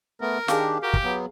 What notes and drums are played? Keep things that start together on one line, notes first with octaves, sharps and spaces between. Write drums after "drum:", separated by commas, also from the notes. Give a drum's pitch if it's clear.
A3 B3 A#4
D#3 D4 G4 G#4 F5, drum: snare
F#4 G4 A#4
drum: kick
F#3 B3